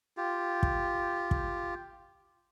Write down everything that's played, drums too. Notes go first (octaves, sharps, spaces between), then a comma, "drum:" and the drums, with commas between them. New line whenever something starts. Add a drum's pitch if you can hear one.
F4 G4
drum: kick
drum: kick